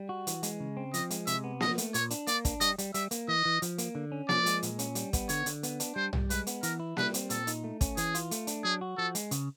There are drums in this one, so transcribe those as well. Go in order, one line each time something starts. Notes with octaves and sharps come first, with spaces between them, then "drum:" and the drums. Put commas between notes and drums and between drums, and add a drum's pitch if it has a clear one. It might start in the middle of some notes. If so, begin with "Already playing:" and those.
Already playing: G3
F#4
E3, drum: hi-hat
G#3, drum: hi-hat
C#3
C4
F3 D#5, drum: hi-hat
G#3, drum: hi-hat
C3 E5, drum: hi-hat
B3
F3 D#5, drum: snare A#3
A3, drum: hi-hat
A#2 C#5, drum: hi-hat
D4, drum: hi-hat
A#3 D5, drum: hi-hat
D4, drum: kick, hi-hat
G3 D#5, drum: hi-hat
G3, drum: hi-hat
G3 E5, drum: hi-hat
A#3, drum: hi-hat
E3 D#5
E3
F3, drum: hi-hat
A#3, drum: hi-hat
D3
C#4
F3 D5, drum: snare A#3
G#3, drum: hi-hat
A#2, drum: hi-hat
C#4, drum: hi-hat
G3, drum: hi-hat
B3, drum: kick, hi-hat
D3 C#5, drum: hi-hat
D3, drum: hi-hat
B3, drum: hi-hat
D4, drum: hi-hat
G3 C5
G3, drum: tom
G#3 B4, drum: hi-hat
B3, drum: hi-hat
E3 A#4, drum: hi-hat
E4
G3 B4, drum: snare A#3
C4, drum: hi-hat
A#2 A4, drum: hi-hat
D#4, drum: hi-hat
A3
C#4, drum: kick, hi-hat
E3 G#4, drum: hi-hat
F4, drum: hi-hat
A3, drum: hi-hat
D4, drum: hi-hat
F#3 G#4
F#4
F3 A4
G#3, drum: hi-hat
C#3, drum: hi-hat